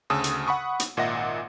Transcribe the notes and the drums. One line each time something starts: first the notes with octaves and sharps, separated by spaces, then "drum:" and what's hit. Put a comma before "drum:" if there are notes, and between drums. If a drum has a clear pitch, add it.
D2 C#3 A5 D#6 E6
drum: hi-hat
F#5 B5 C#6 D#6
drum: hi-hat
G#1 A#2 D#5 E5 F#5 A#6